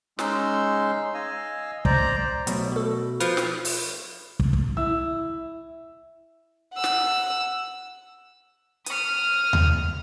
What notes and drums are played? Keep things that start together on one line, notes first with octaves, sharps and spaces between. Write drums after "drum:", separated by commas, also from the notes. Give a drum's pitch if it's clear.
G#3 C#4 D#4 C6 E6, drum: snare
D#5 F5 G#5 E6
C5 D5 A#5, drum: kick
B2 F3 F#3 A3, drum: hi-hat
F#4 A4
F3 B4, drum: hi-hat
drum: snare
drum: open hi-hat
drum: kick
drum: kick
E4 E6
F#5 E6
drum: snare
D#6 F6, drum: hi-hat
drum: tom D#2